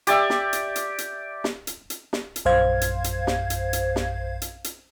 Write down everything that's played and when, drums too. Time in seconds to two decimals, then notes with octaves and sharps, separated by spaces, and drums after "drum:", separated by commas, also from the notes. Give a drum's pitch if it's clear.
0.07 G4 D5 E5, drum: hi-hat
0.30 drum: snare
0.53 drum: hi-hat
0.76 drum: hi-hat
0.98 drum: hi-hat
1.44 drum: snare
1.67 drum: hi-hat
1.90 drum: hi-hat
2.13 drum: snare
2.36 drum: hi-hat
2.45 A#1 F#2 C5 F5 G#6
2.81 drum: hi-hat
3.04 drum: hi-hat
3.27 drum: snare
3.50 drum: hi-hat
3.73 drum: hi-hat
3.96 drum: snare
4.42 drum: hi-hat
4.64 drum: hi-hat